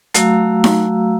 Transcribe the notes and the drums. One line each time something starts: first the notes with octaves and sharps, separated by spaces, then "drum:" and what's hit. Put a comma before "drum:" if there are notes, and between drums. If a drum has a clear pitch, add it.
F#3 A3 F#4 F5 A#5 E6, drum: hi-hat
drum: snare D#4